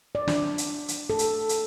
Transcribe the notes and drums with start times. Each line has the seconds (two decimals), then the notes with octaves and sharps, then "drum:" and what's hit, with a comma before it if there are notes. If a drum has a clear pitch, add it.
0.15 D5
0.28 D4, drum: snare
0.58 drum: hi-hat
0.88 drum: hi-hat
1.10 A4
1.19 drum: hi-hat
1.49 drum: hi-hat